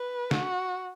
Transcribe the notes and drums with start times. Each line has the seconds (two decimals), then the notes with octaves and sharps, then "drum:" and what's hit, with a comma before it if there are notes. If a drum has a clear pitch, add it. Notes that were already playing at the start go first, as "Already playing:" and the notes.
Already playing: B4
0.31 F#4, drum: snare